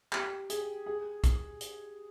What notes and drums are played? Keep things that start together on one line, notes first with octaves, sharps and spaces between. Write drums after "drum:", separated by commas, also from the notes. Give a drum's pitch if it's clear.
G4, drum: clap
G#4, drum: hi-hat
G#4
drum: kick, hi-hat
drum: hi-hat